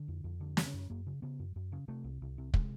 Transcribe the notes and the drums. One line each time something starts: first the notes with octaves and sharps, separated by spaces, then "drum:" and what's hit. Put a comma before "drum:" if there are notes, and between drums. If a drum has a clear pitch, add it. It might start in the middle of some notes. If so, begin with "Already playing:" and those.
Already playing: D3
F2
F2
D3
C#3 C4, drum: snare
F#2
F#2 A#3
C#3
C#3 B3
F#2
F#2
C#3
C3 A3
C2
C2
C3
C3 G#3, drum: kick